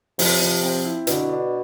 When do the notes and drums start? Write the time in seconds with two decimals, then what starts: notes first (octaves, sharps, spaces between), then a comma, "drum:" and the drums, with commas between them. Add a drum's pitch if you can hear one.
0.19 C3 F3, drum: open hi-hat
0.41 F3
0.63 C4
0.85 E4
1.07 B2 D3, drum: hi-hat
1.29 D4